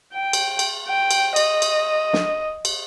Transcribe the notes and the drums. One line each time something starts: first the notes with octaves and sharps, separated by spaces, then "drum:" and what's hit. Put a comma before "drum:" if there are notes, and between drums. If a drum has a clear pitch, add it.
G5
drum: cymbal
drum: cymbal
G5
drum: cymbal
D#5, drum: cymbal
drum: cymbal
drum: snare
drum: cymbal